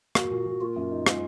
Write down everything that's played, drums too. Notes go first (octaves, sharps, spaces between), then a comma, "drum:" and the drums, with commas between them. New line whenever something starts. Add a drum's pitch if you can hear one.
A#3 F#4, drum: rim click
A#2
A#2
A#3 F4
F#2
D#4
G#3, drum: rim click